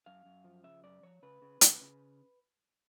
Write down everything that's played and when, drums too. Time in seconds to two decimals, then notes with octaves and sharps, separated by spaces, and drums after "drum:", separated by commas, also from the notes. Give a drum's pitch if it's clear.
0.06 F#2 F5
0.26 F#2
0.44 F3
0.64 C#3 E5
0.84 F#2 D5
1.03 F3 C#5
1.22 C#3 B4
1.42 C#3
1.61 C#3, drum: hi-hat
1.81 C#3